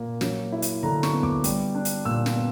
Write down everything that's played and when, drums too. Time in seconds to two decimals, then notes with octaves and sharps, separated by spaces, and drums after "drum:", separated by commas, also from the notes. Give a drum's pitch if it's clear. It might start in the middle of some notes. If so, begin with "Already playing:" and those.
Already playing: A#2 A#3
0.21 F#3, drum: snare
0.52 E4
0.62 drum: hi-hat
0.83 D3 A#5
1.03 C#6, drum: snare
1.13 B3
1.23 D6, drum: kick
1.44 G3, drum: hi-hat
1.75 D4
1.85 drum: hi-hat
2.05 A#2 E6
2.26 drum: snare
2.36 B3